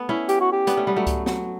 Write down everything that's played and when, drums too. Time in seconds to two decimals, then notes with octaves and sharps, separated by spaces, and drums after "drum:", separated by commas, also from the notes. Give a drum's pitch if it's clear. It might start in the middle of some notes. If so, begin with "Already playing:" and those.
Already playing: A3 B3
0.09 C#4 E4
0.29 G4, drum: hi-hat
0.41 F#4
0.52 G4
0.67 B3 D4, drum: hi-hat
0.77 A3 C#4
0.87 G3 B3
0.96 F#3 A3
1.07 drum: kick C#2, hi-hat
1.26 F#3, drum: snare